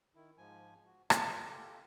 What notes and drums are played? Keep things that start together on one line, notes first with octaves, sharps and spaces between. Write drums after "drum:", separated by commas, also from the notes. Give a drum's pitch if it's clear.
D#3 E4
G#2 F3 G#5
F#4
A#4 B4 D#5 G5 G#5 C6, drum: rim click
F4 G4 A4